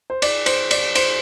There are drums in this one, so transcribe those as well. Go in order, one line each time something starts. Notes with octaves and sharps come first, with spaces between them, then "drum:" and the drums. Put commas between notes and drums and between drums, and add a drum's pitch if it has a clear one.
C5
D5, drum: cymbal
C5, drum: cymbal
D5, drum: cymbal
C5, drum: cymbal